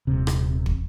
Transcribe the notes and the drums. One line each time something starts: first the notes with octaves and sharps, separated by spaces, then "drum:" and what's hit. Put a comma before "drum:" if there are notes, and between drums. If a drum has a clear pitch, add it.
D#1 C3
drum: rim click
drum: kick